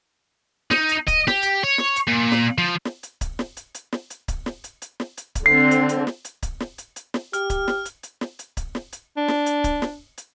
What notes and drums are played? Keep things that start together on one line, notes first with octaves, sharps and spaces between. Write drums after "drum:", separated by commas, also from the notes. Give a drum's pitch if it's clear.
D#4, drum: snare
drum: hi-hat
D#5, drum: kick C#1, hi-hat
G4, drum: snare
drum: hi-hat
C#5
drum: snare
drum: hi-hat
A#2
drum: snare
F3
drum: snare
drum: hi-hat
drum: kick C#1, hi-hat
drum: snare
drum: hi-hat
drum: hi-hat
drum: snare
drum: hi-hat
drum: kick C#1, hi-hat
drum: snare
drum: hi-hat
drum: hi-hat
drum: snare
drum: hi-hat
drum: kick C#1, hi-hat
D3 C4 C7
drum: hi-hat
drum: hi-hat
drum: snare
drum: hi-hat
drum: kick C#1, hi-hat
drum: snare
drum: hi-hat
drum: hi-hat
drum: snare
G4 F6, drum: hi-hat
drum: kick C#1, hi-hat
drum: snare
drum: hi-hat
drum: hi-hat
drum: snare
drum: hi-hat
drum: kick C#1, hi-hat
drum: snare
drum: hi-hat
D4
drum: snare
drum: hi-hat
drum: kick C#1, hi-hat
drum: snare
drum: hi-hat